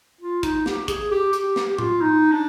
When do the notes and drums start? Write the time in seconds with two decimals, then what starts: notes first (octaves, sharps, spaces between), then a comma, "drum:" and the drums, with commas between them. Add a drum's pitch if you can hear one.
0.21 F4
0.43 D#4, drum: kick, hi-hat
0.66 G4, drum: snare
0.88 G#4, drum: kick, hi-hat
1.12 G4
1.33 G4, drum: hi-hat
1.56 drum: snare
1.69 G4
1.78 F4, drum: tom A2
2.01 D#4
2.32 D4